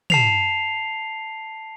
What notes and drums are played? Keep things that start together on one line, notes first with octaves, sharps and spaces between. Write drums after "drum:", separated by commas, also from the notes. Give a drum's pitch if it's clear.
A5 C7 F7, drum: tom